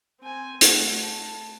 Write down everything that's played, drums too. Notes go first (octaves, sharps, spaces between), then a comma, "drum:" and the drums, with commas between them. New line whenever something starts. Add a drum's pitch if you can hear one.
C4 G#5
A3 F#5, drum: hi-hat
A5